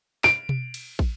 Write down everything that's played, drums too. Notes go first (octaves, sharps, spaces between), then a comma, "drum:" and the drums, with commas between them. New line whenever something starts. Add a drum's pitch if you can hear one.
D7, drum: snare
drum: tom B2
drum: cymbal
drum: kick